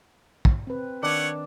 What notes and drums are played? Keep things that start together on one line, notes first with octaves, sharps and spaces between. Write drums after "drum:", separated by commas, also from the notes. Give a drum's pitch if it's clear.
drum: kick
C4 B4
D#3 A3 D4 C#5 F#5